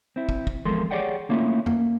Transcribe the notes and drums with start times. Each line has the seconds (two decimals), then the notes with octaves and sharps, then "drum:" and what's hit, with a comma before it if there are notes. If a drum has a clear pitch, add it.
0.16 C4 E4
0.29 drum: kick
0.47 drum: kick
0.65 E2 F3 G#3 A4 A#4 C6
0.91 G4 G#4 C#5 D5 F#5 G5
1.29 A3 A#3 C#4 E4 F4
1.66 A#3, drum: tom F2